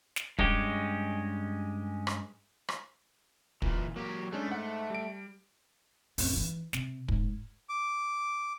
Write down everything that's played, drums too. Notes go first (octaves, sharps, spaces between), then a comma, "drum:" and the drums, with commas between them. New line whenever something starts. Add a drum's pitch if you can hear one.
drum: snare
G2 G#3 C#4 G4, drum: kick
drum: rim click
drum: rim click
A#2 E3, drum: kick
F#3 A#3 G4
G#3 A3 C#4 D4
G#2 F#5
G3 D7
A1 F2, drum: open hi-hat
E3 D#4
C3, drum: snare
G#2, drum: kick
D6